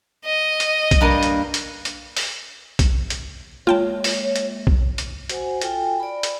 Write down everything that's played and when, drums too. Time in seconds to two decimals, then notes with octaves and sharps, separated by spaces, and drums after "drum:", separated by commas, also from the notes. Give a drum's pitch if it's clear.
0.25 D#5
0.60 drum: hi-hat
0.91 drum: kick, hi-hat
1.01 G2 A#3 A#4
1.23 drum: hi-hat
1.54 drum: hi-hat
1.85 drum: hi-hat
2.17 drum: open hi-hat
2.79 drum: kick, hi-hat
3.10 drum: hi-hat
3.67 G#3 A#3 F4 C#5 G5 A5
4.04 drum: open hi-hat
4.36 drum: hi-hat
4.67 drum: kick
4.98 drum: hi-hat
5.29 F#4 C5 F#5 G#5, drum: hi-hat
5.61 F4 A4 G5 G#5, drum: hi-hat
6.00 D5 B5
6.23 drum: hi-hat